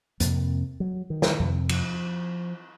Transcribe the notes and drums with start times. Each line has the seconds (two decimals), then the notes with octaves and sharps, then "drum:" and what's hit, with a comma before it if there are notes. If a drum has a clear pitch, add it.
0.20 F2 C3 A#3, drum: hi-hat
0.80 F#3
1.10 D#3
1.22 drum: snare
1.40 F2 C3
1.69 F3, drum: cymbal